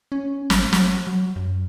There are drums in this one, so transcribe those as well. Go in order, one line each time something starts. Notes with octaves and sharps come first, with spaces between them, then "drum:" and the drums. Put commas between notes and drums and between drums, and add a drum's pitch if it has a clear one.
C#4
G#1, drum: snare
F#3, drum: snare
F#3
F#2